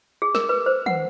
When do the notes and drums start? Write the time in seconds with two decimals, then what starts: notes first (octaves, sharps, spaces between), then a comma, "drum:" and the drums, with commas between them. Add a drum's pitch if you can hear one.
0.22 G#4
0.35 A#4, drum: snare
0.49 B4
0.66 C5
0.86 F#5, drum: tom D#3